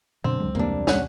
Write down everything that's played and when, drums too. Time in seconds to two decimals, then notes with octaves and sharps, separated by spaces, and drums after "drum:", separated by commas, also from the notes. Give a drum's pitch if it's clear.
0.24 F#2 B2 D3 C4
0.40 C#2 F#3 G#3
0.55 E2 C3 G3 A#3 D4
0.87 C#4 F#5, drum: snare